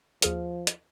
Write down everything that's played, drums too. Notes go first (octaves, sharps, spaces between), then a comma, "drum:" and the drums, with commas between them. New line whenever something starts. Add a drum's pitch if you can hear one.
D#2 F3 G#4 F6, drum: hi-hat
drum: hi-hat